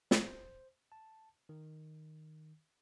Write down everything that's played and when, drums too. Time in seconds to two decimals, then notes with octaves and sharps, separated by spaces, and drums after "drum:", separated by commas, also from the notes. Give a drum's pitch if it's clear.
0.11 drum: snare
0.27 C5
0.92 A5
1.49 D#3